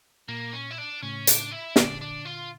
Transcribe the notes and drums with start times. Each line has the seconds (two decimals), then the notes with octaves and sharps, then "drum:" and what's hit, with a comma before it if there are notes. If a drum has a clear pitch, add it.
0.28 A#2 A#3
0.53 C#4
0.71 E4
0.78 D4
1.02 A2 C#3 C#4
1.27 D4, drum: hi-hat
1.51 E4
1.76 A#2 D3 D4, drum: snare
2.01 D4
2.25 F4